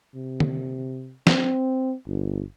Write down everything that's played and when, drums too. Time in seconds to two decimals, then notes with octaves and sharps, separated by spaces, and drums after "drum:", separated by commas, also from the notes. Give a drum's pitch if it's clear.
0.15 C3
0.40 drum: tom
1.27 C4, drum: snare
2.07 G1